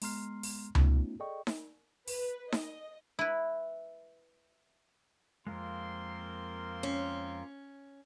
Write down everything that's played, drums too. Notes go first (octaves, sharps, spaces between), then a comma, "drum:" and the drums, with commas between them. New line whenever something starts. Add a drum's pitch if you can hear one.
G#3 B3 A#5 C6 F6 C7, drum: open hi-hat
drum: open hi-hat
A3 B3 C#4 D#4 F4, drum: tom C#2
G#4 A4 D5 D#5 G5 C#6
drum: snare D#4
B4, drum: open hi-hat
D#5, drum: snare D#4
E4 B4
F2 G#2 G#3 A#3 C4 F4 A#4 C6
C#4